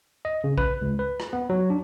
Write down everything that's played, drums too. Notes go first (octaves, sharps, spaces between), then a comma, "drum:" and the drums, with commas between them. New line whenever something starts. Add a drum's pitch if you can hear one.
D#5
C#3
B4, drum: kick A#1
C#2
B4
drum: rim click
B3
F#3
D4